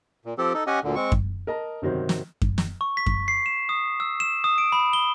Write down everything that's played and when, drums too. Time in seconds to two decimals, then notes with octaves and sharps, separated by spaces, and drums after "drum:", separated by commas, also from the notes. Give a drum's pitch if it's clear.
0.25 A#2
0.38 F3 C4 G4 A4
0.54 D#4 A4
0.67 C#4 G4 D#5 F#5 G#5
0.84 D2 A#2 D3
0.96 G#3 C4 C#6
1.12 drum: kick F#2
1.47 A#4 D#5 A5 A#5
1.82 G1 C3 D#3 F#3 F#4 C5
2.09 drum: snare
2.42 drum: kick F#2
2.58 drum: snare
2.81 C#6
2.97 B6
3.06 drum: kick F#2
3.28 C7
3.46 E7
3.69 D#6
4.00 E6
4.20 E7
4.44 D#6
4.58 D7
4.72 B5
4.93 G7